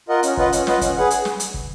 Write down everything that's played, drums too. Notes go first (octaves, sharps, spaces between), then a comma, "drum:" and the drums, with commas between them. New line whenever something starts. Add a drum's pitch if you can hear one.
F4 A#4 D#5 F#5
C#4, drum: hi-hat
F4 B4 D#5 F#5, drum: kick
C#4, drum: hi-hat
F4 B4 D#5 F#5, drum: snare
C#4, drum: kick, hi-hat
G#4 B4 F#5
drum: hi-hat
drum: snare
drum: hi-hat
drum: kick